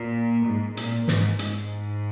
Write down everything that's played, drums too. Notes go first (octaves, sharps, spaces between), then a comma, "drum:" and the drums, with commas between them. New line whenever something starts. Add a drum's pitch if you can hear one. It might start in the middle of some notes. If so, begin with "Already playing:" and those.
Already playing: A#2
G#2
A#2, drum: hi-hat
G#2, drum: snare
G#2, drum: hi-hat